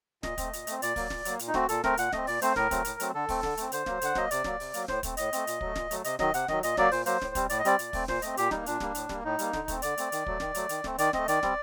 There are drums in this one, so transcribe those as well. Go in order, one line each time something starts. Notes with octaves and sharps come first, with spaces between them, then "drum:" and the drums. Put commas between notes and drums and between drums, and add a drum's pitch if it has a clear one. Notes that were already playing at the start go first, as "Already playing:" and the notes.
A#2 D#5, drum: snare
A3 C4, drum: kick, hi-hat
A#2, drum: hi-hat
A3 C4, drum: hi-hat
A#2 D5, drum: hi-hat
F#3 A#3, drum: kick, open hi-hat
A#2, drum: snare
F#3 A#3, drum: hi-hat
A#2, drum: hi-hat
D#4
A3 C4 F#4, drum: snare
A#2 A4, drum: hi-hat
A3 C4 A#4, drum: snare
A#2 F#5, drum: hi-hat
A3 C4 D#5, drum: snare
A#2 D5, drum: open hi-hat
A3 C4 C5, drum: hi-hat
A2 A#4, drum: snare
F#3 A3 C4, drum: kick, hi-hat
A2, drum: hi-hat
F#3 A3 C4, drum: hi-hat
D3 A4
A3 C4, drum: kick, open hi-hat
D3, drum: snare
A3 C4, drum: hi-hat
D3 C5, drum: hi-hat
F#3 A#3, drum: snare
D3 F#5, drum: hi-hat
F#3 A#3 D#5, drum: snare
C3 D5, drum: hi-hat
F#3 A#3, drum: snare
C3, drum: open hi-hat
F#3 A#3, drum: hi-hat
A2 C5, drum: snare
A3 C4, drum: kick, hi-hat
A2 D#5, drum: hi-hat
A3 C4, drum: hi-hat
A#2, drum: hi-hat
F#3 A3, drum: kick
A#2, drum: snare
F#3 A3, drum: hi-hat
C3 D#5, drum: hi-hat
D#3 F#3 D#5, drum: snare
C3 F#5, drum: hi-hat
D#3 F#3 D#5, drum: snare
A#2 D#5, drum: hi-hat
F#3 A#3 D5, drum: snare
A#2 C5, drum: open hi-hat
F#3 A#3 C5, drum: hi-hat
A2, drum: snare
G3 C4, drum: kick, hi-hat
A2 D5, drum: hi-hat
D#5
G3 C4 D5, drum: hi-hat
A#2, drum: hi-hat
A3 C4, drum: kick, open hi-hat
A#2 C5, drum: snare
A3 C4 D#5, drum: hi-hat
A#2 G4, drum: hi-hat
G3 A#3 D#4, drum: snare
A#2 D4, drum: hi-hat
G3 A#3, drum: snare
A2, drum: hi-hat
G3 A#3, drum: snare
A2 D#4
G3 A#3, drum: hi-hat
D3, drum: snare
A3 C4, drum: kick, hi-hat
D3 D5, drum: hi-hat
A3 C4, drum: hi-hat
D#3, drum: hi-hat
F#3 A3, drum: kick
D#3, drum: snare
F#3 A3, drum: hi-hat
D#3, drum: hi-hat
A3 C4, drum: snare
D#3 D5, drum: hi-hat
A3 C4 D#5, drum: snare
D#3 D5, drum: hi-hat
G3 C4, drum: snare